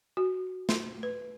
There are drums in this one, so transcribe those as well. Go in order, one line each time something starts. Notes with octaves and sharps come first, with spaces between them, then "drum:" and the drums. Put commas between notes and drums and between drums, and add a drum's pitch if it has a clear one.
F#4
C6, drum: snare
B4